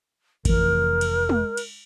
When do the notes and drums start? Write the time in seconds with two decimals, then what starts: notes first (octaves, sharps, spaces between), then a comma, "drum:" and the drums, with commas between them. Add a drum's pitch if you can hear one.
0.45 F1 E3 A#4, drum: kick G#1, cymbal
1.01 drum: cymbal
1.29 drum: tom G#3
1.57 drum: cymbal